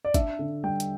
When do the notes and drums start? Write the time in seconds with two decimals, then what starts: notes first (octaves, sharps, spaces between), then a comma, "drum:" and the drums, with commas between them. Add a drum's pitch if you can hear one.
0.05 D5
0.14 D4 E5, drum: kick G#1, hi-hat
0.39 D3
0.63 G3 G5
0.80 drum: hi-hat